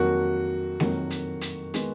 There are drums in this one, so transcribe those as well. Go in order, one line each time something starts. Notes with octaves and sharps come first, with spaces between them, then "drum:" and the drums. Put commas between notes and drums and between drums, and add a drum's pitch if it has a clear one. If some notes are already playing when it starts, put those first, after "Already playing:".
Already playing: F2 D#3 F#3 A#3 F#4
F2 D#3 F#3 A#3, drum: snare G#3
drum: hi-hat
drum: hi-hat
D#3 G#3 B3, drum: hi-hat